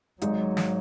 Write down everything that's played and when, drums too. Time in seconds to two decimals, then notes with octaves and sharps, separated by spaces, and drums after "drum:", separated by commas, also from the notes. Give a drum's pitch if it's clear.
0.21 G#1 G#2 F#3 G#3 D#4, drum: hi-hat
0.57 drum: snare